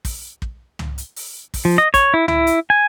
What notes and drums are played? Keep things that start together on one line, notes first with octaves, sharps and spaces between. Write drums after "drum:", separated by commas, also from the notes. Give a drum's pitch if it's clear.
drum: kick, open hi-hat
drum: kick
drum: tom
drum: hi-hat
drum: open hi-hat
drum: kick, open hi-hat
F3
D#5
C#5, drum: kick, hi-hat
E4
E4, drum: tom
drum: hi-hat
G#5